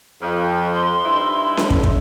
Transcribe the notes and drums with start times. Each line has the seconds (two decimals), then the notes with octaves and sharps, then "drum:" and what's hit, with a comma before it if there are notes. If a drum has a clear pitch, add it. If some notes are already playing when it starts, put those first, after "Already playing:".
0.22 F2
0.74 C6
1.05 G2 D#4 E4
1.57 drum: snare C#4
1.70 drum: kick
1.84 drum: kick